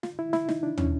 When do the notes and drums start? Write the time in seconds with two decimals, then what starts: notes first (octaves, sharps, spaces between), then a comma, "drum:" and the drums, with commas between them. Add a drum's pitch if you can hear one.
0.03 F4, drum: snare
0.19 E4
0.33 E4, drum: snare
0.49 D#4, drum: snare
0.63 D4
0.78 C#4, drum: tom